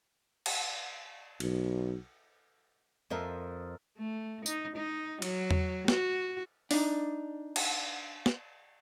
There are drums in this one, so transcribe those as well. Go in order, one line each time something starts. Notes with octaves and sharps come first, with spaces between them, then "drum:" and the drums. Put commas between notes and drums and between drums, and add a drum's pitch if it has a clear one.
drum: cymbal
B1, drum: cymbal
F2 A4 A#4 C5 D#5 E5
A3
D#4, drum: tambourine
D#4
F#3, drum: cymbal
drum: tom E2
F#4, drum: snare
D4 D#4, drum: open hi-hat
drum: cymbal
drum: snare